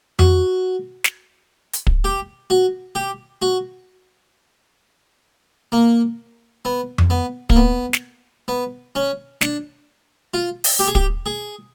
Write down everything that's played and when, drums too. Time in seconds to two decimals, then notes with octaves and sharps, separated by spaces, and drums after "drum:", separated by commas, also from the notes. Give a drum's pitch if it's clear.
0.19 F#4, drum: tom F2
1.04 drum: snare
1.73 drum: hi-hat
1.87 drum: kick
2.04 G4
2.50 F#4
2.95 G4
3.42 F#4
5.72 A#3
6.65 B3
6.98 drum: tom F2
7.10 B3
7.50 A#3, drum: kick
7.56 B3
7.93 drum: snare
8.48 B3
8.95 C#4
9.41 D4, drum: snare
10.34 F4
10.64 drum: open hi-hat
10.79 G4
10.87 G#4
10.95 G4, drum: kick
11.26 G#4